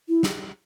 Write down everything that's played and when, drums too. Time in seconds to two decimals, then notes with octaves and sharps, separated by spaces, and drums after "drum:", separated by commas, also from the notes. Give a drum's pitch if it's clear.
0.09 E4
0.23 drum: snare